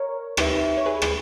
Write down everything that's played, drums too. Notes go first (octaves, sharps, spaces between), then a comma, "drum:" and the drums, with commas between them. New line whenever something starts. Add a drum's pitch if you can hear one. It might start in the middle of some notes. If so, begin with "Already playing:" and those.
Already playing: A#4 C#5
D#4 G4 B4 E5, drum: rim click
C#5
G#4 B4
drum: rim click